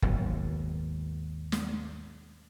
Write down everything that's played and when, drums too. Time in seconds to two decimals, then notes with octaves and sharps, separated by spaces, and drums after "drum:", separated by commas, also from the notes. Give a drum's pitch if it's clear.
0.02 G#1 D#2 B2 F#3, drum: kick F#1
1.52 drum: snare